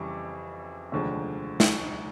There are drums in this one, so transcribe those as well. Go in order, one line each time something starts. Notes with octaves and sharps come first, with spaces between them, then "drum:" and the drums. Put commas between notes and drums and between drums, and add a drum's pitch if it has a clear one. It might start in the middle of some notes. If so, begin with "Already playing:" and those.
Already playing: F2 C#3 E3 G3 C#6 D6
F1 D#2 D3 F3 G#3
drum: snare